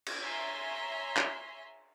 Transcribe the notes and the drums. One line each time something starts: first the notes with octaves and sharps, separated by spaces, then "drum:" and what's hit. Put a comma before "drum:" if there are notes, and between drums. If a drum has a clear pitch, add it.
drum: cymbal
C#5 E5 G#5 A#5 C6
drum: clap